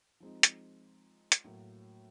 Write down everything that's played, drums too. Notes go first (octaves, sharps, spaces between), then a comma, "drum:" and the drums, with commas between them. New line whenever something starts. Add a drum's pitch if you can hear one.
F3 G#3 C4 D#4
drum: hi-hat
drum: hi-hat
A2 F#3 A#3